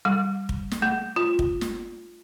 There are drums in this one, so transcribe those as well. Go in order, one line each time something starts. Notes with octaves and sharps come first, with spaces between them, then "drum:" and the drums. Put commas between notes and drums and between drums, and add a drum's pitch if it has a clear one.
G3
drum: kick
drum: snare
A3
F4
drum: kick
drum: snare